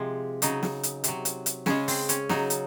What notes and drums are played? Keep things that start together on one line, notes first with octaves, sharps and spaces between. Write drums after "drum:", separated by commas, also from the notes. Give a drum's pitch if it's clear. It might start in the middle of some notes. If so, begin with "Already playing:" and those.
Already playing: C3 F3 G#3
C#3 F#3 D#4, drum: hi-hat
drum: snare
drum: hi-hat
C3 F#3, drum: hi-hat
drum: hi-hat
drum: hi-hat
C#3 G#3 C#4, drum: snare
C4, drum: open hi-hat
C#4, drum: hi-hat
C#3 F#3 D#4, drum: snare
drum: hi-hat